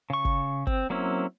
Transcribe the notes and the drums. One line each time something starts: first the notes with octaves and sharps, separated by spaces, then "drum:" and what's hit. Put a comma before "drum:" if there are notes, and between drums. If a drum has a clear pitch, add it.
C#3 C#6
drum: kick
C4, drum: kick
F#3 A#3 C4 C#4 E4